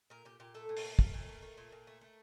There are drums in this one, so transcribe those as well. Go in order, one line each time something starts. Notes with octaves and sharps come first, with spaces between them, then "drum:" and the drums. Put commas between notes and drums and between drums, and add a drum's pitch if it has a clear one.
A#2 A#4
A#2 G4
A#2 G4
A3 A4
A#2
A#4, drum: open hi-hat
A3
A3 A#4, drum: kick
A#2
A3
A3
A#2
A#2
A3
A3